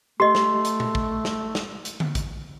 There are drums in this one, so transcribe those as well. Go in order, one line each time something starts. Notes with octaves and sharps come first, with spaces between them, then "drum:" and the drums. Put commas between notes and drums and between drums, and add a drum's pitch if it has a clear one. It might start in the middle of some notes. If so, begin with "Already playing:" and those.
A3 G4 D#5 C6
drum: snare
drum: hi-hat
drum: tom A#2
drum: kick
drum: snare
drum: snare
drum: hi-hat
drum: tom D3
drum: kick, hi-hat